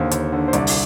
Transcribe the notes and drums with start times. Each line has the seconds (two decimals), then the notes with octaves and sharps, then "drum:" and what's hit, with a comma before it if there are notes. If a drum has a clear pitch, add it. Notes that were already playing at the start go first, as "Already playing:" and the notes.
Already playing: D#2 D3 C5
0.11 D#2, drum: hi-hat
0.32 D3
0.48 C5
0.53 C2 D5, drum: hi-hat
0.67 drum: open hi-hat